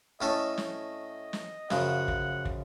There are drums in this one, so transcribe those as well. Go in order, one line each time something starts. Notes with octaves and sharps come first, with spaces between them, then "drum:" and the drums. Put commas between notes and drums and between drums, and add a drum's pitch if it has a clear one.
A2 A3 C#4 A4 D#5
D#5, drum: snare
drum: snare
F#2 C#3 F3 F#5, drum: snare
drum: kick
drum: kick